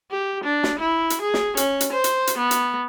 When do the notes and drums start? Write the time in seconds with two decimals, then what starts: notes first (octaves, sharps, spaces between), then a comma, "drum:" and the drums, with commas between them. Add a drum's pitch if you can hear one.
0.11 G4
0.44 D4
0.63 drum: snare
0.79 E4
1.10 drum: hi-hat
1.22 G#4
1.34 drum: snare
1.57 C#4, drum: hi-hat
1.81 drum: hi-hat
1.93 C5
2.04 drum: hi-hat
2.27 drum: hi-hat
2.38 B3
2.51 drum: hi-hat